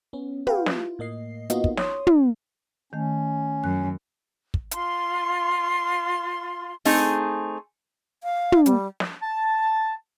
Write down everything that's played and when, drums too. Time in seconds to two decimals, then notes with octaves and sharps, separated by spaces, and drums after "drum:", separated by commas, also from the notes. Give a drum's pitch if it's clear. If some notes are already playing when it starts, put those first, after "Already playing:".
0.13 B3 C#4
0.47 F#4 G4 B4 F5 G5, drum: tom
0.66 E4 F4, drum: snare
0.99 A2 A#3 D#5 C7
1.50 A#3 B3 D#4 F4 F#4 D#5, drum: hi-hat
1.64 drum: kick
1.77 C#5 C6 D#6, drum: snare
2.07 drum: tom
2.93 D#3 A3 C#4
3.64 F#2 F#6
4.54 drum: kick
4.71 F4 C6, drum: hi-hat
6.85 A3 C4 D#4 G#4, drum: open hi-hat
8.23 F5
8.52 drum: tom
8.66 G3, drum: hi-hat
9.00 drum: snare
9.21 A5